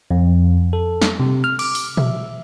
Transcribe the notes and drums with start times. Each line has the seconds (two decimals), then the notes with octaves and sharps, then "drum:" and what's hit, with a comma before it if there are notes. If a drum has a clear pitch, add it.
0.11 F2
0.73 A4
1.02 drum: snare
1.20 C3
1.44 F6
1.59 D6, drum: cymbal
1.75 drum: open hi-hat
1.97 E5, drum: tom A#2